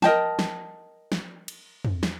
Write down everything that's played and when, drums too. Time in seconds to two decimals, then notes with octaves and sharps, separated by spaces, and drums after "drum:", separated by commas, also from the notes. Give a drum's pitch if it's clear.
0.02 A#4 D#5 G5 A5, drum: snare
0.39 drum: snare
1.12 drum: snare
1.48 drum: cymbal
1.85 drum: tom
2.03 drum: snare